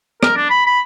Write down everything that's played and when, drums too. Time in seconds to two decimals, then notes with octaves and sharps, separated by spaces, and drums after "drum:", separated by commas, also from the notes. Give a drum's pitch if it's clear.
0.23 A#4, drum: rim click
0.36 D4
0.50 B5
0.66 B5